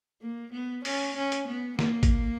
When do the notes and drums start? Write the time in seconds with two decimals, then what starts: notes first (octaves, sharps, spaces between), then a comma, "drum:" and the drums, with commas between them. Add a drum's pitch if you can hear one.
0.21 A#3
0.53 B3
0.85 C#4, drum: open hi-hat
1.17 C#4
1.32 drum: hi-hat
1.48 B3
1.79 A#3, drum: snare
2.03 drum: kick G#1, hi-hat